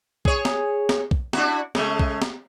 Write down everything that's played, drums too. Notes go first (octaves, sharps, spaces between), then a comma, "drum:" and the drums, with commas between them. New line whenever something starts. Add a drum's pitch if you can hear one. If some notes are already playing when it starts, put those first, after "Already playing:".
G#4 C#5, drum: kick B1
drum: snare
drum: snare
drum: kick B1
D4 E4 F#4, drum: snare
C#3 G#3 A3, drum: snare
drum: kick B1
drum: snare